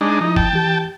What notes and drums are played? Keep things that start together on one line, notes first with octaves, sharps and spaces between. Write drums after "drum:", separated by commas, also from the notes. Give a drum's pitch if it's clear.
G#3 D4 D#4
F3 D#4 E4
G5 A5, drum: kick F#1
E3 G4